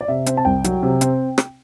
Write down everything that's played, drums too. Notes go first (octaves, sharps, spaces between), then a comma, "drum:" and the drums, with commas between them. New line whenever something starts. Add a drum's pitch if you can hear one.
D5
C3 E5
C4, drum: hi-hat
A5
C2 G5
F#3, drum: hi-hat
C3
C4, drum: hi-hat
drum: rim click